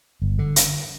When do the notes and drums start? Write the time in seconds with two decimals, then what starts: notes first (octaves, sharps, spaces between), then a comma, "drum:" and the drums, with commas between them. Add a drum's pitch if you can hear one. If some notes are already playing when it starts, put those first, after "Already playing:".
0.22 G1
0.39 D3
0.56 drum: hi-hat